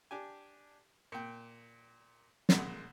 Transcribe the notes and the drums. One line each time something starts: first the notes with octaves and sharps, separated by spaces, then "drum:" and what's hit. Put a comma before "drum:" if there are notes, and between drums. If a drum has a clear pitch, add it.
D4 G4 G#5
A#2 G5
B1 A#2 G#3, drum: snare